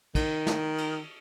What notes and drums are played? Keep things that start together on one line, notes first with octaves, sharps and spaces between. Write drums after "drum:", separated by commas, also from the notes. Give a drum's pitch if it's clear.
D#3, drum: kick, cymbal
drum: snare
drum: cymbal